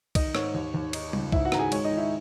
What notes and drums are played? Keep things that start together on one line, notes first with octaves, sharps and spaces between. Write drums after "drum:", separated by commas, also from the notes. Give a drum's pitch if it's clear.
D#3 D#4 D#5, drum: kick, cymbal
G#2 C#5, drum: rim click
D#2
D#2
D#4, drum: cymbal
C#2, drum: tom G3
G#2 E4 E5, drum: kick
F#4 F#5
D#3 A#5, drum: rim click
G#4 G#5
G#3 C#5, drum: cymbal
D#4 D#5
D#3
E4 E5